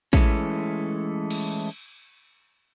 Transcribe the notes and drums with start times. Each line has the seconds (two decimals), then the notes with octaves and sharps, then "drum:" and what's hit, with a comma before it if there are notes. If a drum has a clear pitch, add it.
0.13 E3 G#3 A3 C#4, drum: kick
1.30 drum: cymbal